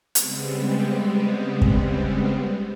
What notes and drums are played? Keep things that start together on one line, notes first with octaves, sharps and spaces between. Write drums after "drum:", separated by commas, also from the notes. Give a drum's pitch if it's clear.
C#3 G3 G#3 B3 C4, drum: hi-hat
drum: kick